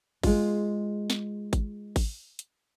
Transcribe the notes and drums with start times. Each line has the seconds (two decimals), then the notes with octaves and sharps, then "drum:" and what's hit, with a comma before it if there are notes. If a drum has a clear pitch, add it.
0.23 G#3 F4, drum: kick G#1, open hi-hat
1.10 drum: snare
1.53 drum: kick G#1, hi-hat
1.96 drum: kick G#1, open hi-hat
2.39 drum: hi-hat